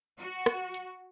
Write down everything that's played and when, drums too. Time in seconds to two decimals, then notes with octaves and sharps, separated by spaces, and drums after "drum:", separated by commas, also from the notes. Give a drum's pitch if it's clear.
0.18 F#4
0.46 drum: rim click
0.74 drum: hi-hat